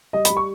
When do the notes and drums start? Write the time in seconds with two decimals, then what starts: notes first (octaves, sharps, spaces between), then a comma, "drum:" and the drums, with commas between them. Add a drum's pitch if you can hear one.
0.13 G3 D#5
0.25 B5, drum: hi-hat
0.30 G3
0.37 C#6